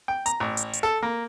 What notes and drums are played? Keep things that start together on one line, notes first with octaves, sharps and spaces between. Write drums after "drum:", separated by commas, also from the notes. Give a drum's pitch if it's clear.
G5
A#5, drum: hi-hat
A1
drum: hi-hat
drum: hi-hat
A4
A#3